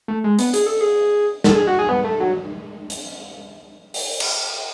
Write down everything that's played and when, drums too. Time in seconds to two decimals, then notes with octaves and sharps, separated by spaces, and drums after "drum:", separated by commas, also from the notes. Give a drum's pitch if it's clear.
0.08 A3
0.24 G#3
0.39 B3, drum: hi-hat
0.54 G#4, drum: hi-hat
0.66 A4
0.81 G#4
1.44 A4, drum: snare
1.55 G#4
1.67 F#4
1.79 G#4
1.89 B3
2.04 A3
2.20 F#3
2.90 drum: hi-hat
3.94 drum: open hi-hat
4.20 drum: cymbal